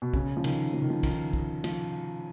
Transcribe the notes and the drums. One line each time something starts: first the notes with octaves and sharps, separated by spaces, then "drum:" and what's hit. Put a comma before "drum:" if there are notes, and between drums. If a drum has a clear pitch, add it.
B2
C#3, drum: kick
F3
D#3, drum: cymbal
F3
D#3
F3
D#3, drum: kick, cymbal
drum: kick
F3, drum: cymbal